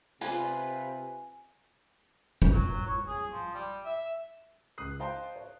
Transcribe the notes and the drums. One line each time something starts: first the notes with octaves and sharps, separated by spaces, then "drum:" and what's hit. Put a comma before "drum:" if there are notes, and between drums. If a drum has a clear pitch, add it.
C3 F4 B4 G#5, drum: hi-hat
drum: kick F#1
F#3
C#5
G#4
F3
G3
E5
C#2 D#6 F#6 C7
C5 D#5 F5 G5 A5 C6
C#5